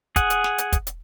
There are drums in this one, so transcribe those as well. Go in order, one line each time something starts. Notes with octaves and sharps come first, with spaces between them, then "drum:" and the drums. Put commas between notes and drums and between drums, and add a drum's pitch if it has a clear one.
G#4 F#5, drum: kick, hi-hat
drum: hi-hat
drum: snare
drum: hi-hat
drum: kick, hi-hat
drum: hi-hat